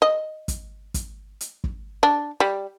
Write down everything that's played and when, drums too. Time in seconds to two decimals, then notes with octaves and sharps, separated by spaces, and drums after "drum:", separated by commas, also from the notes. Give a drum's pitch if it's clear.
0.02 D#5
0.48 drum: kick, hi-hat
0.94 drum: kick, hi-hat
1.41 drum: hi-hat
1.64 drum: kick
2.03 D4
2.40 G3